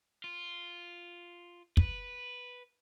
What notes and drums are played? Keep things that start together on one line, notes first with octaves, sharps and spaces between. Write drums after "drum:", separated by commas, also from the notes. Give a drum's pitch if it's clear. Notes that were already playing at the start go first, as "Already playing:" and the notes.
F4
B4, drum: kick